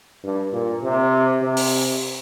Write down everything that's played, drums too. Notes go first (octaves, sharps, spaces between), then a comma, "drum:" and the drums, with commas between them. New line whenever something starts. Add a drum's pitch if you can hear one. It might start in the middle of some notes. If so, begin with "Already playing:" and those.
G2
A#2
C3
C3
drum: open hi-hat